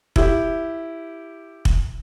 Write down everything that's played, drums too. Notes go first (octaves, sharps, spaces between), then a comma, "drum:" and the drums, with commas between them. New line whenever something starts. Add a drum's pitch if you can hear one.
E4 G4, drum: kick
drum: kick